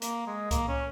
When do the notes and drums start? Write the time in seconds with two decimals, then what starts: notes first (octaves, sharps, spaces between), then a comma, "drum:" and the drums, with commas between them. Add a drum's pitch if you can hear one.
0.02 A#3, drum: hi-hat
0.27 G#3
0.51 A#3, drum: kick C2, hi-hat
0.68 C#4